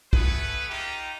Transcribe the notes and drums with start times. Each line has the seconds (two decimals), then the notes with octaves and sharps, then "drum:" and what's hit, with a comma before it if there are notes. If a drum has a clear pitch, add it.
0.13 A3 B3 G#4 B4, drum: kick
0.70 D#4 F4 G4